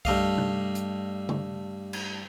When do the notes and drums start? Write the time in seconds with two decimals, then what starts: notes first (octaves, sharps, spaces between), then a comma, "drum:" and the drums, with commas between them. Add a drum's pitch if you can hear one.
0.05 G2 A3 D#5 F5, drum: kick C2
0.38 drum: tom C3
0.75 drum: hi-hat
1.29 drum: tom C#3
1.93 drum: cymbal